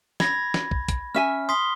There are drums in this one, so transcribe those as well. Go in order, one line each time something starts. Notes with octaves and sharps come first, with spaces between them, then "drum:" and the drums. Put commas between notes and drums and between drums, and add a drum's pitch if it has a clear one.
B5 G#6 A#6, drum: snare
drum: snare
drum: kick
drum: kick, hi-hat
C#4 E5 G#5 F6
C6 D#6 B6